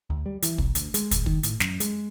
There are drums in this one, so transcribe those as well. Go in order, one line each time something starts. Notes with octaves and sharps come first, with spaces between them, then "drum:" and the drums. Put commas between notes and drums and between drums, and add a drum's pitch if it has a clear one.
D2
G3
E3, drum: hi-hat
B1, drum: kick
D2, drum: hi-hat
G#3, drum: hi-hat
D1, drum: kick, hi-hat
D#3, drum: kick
A2, drum: hi-hat
F#2, drum: snare
G#3, drum: hi-hat